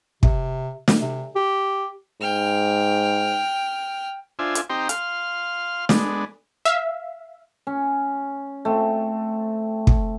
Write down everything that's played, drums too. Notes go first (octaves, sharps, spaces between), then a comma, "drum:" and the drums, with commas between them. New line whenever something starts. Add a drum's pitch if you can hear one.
C3, drum: kick
drum: snare
C3
G4
G#2 G5 F6
D4 F4 C5 E5 G#5
drum: hi-hat
C4 D#4 G4 G5 A#5 C6
F5 C6 F6, drum: hi-hat
G#3 B3 D4, drum: snare
E5 F5
C#4
A3 C4
drum: kick